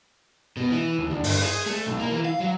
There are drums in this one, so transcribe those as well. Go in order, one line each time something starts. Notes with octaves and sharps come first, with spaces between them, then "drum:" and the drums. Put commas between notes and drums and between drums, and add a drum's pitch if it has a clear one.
B2
E3
D#2
D2
G2, drum: open hi-hat
G#4
A3
B1
A#3
E3
F5
F#3